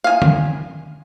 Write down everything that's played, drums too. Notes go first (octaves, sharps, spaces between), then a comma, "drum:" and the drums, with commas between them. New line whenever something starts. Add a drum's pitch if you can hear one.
F5 G#5
drum: tom